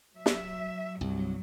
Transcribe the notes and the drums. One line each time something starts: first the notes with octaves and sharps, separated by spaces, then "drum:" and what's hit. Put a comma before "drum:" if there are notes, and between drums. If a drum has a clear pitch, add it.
F#3 E5
drum: snare
C2 G2 F#3